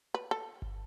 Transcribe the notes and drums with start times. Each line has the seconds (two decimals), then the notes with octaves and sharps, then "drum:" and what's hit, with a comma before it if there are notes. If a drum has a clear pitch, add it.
0.14 B4
0.31 A4
0.62 drum: kick G1